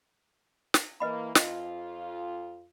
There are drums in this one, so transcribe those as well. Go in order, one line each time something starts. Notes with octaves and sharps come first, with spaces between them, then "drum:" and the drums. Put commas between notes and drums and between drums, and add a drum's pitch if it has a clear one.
drum: snare
E3 A#3 B4 D#5 B5
F2 F4 D#5, drum: snare